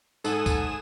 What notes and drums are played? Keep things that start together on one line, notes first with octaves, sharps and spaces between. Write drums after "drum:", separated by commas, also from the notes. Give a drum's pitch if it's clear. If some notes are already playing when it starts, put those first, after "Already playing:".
G#2 A4 G#5 D#6 E7 F#7, drum: tambourine
drum: kick C2, tambourine